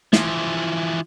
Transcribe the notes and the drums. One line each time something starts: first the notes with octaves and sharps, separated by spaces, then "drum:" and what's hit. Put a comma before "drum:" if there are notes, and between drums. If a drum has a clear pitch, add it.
E3 F3, drum: snare